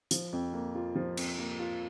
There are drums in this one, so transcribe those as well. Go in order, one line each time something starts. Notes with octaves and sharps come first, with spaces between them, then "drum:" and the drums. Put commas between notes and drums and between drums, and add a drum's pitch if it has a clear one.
F3, drum: hi-hat
F2
A#3
F4
F3
F2, drum: cymbal
A#3
F4